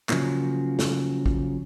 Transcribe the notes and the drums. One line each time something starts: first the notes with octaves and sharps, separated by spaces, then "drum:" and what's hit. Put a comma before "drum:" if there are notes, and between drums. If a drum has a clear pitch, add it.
C#3 F3 F#3 A#3, drum: clap
drum: snare
drum: kick